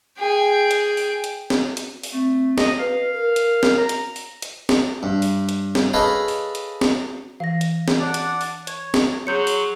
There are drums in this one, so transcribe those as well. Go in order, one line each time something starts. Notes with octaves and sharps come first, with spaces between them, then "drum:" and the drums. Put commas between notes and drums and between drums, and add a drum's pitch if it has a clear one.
G#4 G5
drum: hi-hat
drum: open hi-hat
drum: hi-hat
drum: snare
drum: hi-hat
drum: open hi-hat
A3 C4
D#5, drum: snare
B4 F5
A#4
drum: hi-hat
drum: snare
A#5
drum: hi-hat
drum: open hi-hat
drum: hi-hat
drum: snare
G2
drum: open hi-hat
drum: hi-hat
drum: snare
G#4 A4 B4 C#5 D#5 F5
drum: open hi-hat
drum: hi-hat
drum: snare
E3 F5 A#6
drum: hi-hat
drum: snare
D4 D5 F#5
drum: hi-hat
drum: open hi-hat
C#5, drum: hi-hat
drum: snare
F#3 G#4 C#5 C6 G6 C#7
drum: open hi-hat